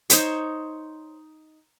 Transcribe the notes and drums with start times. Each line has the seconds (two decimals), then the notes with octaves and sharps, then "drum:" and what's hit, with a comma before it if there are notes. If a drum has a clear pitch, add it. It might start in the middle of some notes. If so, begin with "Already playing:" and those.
0.10 D#4 C5 C#5, drum: hi-hat